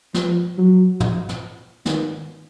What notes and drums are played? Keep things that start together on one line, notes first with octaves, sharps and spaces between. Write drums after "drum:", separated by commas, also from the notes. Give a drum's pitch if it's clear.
F3, drum: snare
F#3
drum: tom
drum: snare
D#3, drum: snare